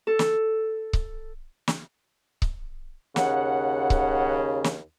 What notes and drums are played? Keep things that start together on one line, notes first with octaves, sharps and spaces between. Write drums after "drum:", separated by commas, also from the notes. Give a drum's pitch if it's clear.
A4
drum: snare
drum: kick C#1
drum: snare
drum: kick C#1
D#2 C#3 F#5, drum: snare
drum: kick C#1
drum: snare